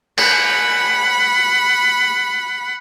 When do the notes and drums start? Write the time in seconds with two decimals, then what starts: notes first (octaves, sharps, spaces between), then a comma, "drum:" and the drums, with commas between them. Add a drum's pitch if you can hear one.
0.18 F#5 B5, drum: cymbal